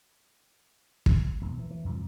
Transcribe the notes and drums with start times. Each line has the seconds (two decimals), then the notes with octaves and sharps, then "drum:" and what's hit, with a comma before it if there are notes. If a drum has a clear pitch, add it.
1.06 drum: kick
1.41 D#1 B1
1.59 E3
1.71 E3
1.85 E2 G2 C3 F3